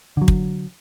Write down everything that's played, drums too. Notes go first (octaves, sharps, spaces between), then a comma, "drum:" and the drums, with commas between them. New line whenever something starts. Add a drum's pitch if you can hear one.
D3 F#3
drum: kick